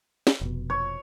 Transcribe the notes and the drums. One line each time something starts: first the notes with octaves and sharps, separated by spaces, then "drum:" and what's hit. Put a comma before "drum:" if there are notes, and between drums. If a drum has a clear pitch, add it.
drum: snare
F1 B2
C#5